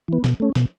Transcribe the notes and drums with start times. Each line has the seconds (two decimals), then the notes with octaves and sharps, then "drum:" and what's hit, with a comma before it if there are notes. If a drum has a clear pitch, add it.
0.08 E3 B3
0.24 B2, drum: snare
0.40 A3 C#4
0.55 B2, drum: snare